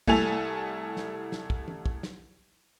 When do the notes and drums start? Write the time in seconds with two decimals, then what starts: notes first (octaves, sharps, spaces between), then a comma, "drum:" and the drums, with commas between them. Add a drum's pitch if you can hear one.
0.08 C2 A3 E4 A4 G#5 F7, drum: kick
0.97 drum: snare
1.32 drum: snare
1.50 drum: kick
1.68 drum: tom E3
1.86 drum: kick
2.03 drum: snare